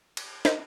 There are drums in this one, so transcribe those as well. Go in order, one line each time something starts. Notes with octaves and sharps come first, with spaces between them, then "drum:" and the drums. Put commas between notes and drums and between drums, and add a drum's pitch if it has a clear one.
drum: cymbal
C5 D#5, drum: snare